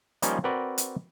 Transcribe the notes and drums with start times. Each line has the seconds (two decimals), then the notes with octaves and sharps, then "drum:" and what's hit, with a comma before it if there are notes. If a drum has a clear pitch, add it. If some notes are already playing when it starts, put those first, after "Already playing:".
0.22 F3 G3 A#3 C#4 D#4 F4, drum: hi-hat
0.44 C4 F#4 A#4 B4 D5
0.78 drum: hi-hat